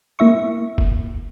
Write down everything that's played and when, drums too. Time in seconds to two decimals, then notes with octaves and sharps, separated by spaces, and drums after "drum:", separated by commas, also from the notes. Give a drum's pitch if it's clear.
0.19 A#3 E4 E5 C#6
0.78 drum: kick